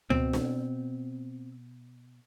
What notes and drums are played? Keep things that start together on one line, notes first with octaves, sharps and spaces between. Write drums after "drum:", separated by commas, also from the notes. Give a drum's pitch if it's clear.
B2 C4, drum: tom C#2
drum: snare